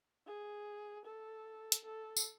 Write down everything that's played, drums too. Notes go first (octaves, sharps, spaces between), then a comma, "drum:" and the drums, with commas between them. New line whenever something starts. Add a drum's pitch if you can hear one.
G#4
A4
drum: hi-hat
A4
drum: tambourine